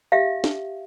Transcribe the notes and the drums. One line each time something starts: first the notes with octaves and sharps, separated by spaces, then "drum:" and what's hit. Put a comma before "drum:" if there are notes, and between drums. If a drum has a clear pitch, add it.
G4 E5 F5
drum: snare